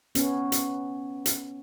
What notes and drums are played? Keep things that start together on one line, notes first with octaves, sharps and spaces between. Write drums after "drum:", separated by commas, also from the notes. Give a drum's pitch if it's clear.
B3 C#4, drum: hi-hat
drum: hi-hat
drum: hi-hat